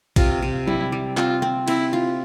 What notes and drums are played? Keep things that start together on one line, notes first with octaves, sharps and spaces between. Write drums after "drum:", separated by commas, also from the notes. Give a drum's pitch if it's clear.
C3 F4, drum: kick, cymbal
C3
G3 E4, drum: tom F#3
G3
C4 F4, drum: clap
C4
C4 E4, drum: cymbal
F4